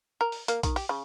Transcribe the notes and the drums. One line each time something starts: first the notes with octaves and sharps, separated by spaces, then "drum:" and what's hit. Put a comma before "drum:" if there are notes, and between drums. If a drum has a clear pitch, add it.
A#4
drum: open hi-hat
A#3, drum: hi-hat
D#3, drum: kick A#1, hi-hat
G4, drum: open hi-hat
C#3